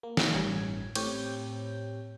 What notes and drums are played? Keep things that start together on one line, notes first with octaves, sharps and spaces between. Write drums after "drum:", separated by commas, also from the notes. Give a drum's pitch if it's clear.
A#3
drum: snare
A1 G2 G3 C#4 G#6
A2 C4 G4 C#5 G6, drum: cymbal